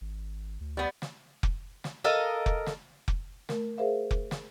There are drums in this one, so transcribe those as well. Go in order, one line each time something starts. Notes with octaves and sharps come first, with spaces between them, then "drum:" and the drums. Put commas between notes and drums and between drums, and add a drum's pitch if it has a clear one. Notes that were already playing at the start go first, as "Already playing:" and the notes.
G#1
D2
G3 B3
drum: snare
drum: kick F1
drum: snare
A4 A#4 D#5 F5
drum: kick F1
drum: snare
drum: kick F1
A3 A#4, drum: snare
G#4 A#4 C5 E5 F5
drum: kick F1
drum: snare